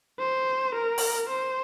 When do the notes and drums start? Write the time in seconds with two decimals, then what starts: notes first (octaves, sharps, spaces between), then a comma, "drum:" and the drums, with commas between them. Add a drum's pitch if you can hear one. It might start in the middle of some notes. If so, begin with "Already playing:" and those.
0.19 C5
0.75 A#4
0.98 drum: open hi-hat
1.29 C5